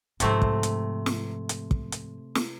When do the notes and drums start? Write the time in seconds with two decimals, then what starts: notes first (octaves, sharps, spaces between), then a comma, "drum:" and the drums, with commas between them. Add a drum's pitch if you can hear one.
0.20 G#2 C3 F3 A3 C4, drum: hi-hat
0.42 drum: kick
0.63 drum: hi-hat
1.06 drum: snare
1.49 drum: hi-hat
1.71 drum: kick
1.92 drum: hi-hat
2.35 drum: snare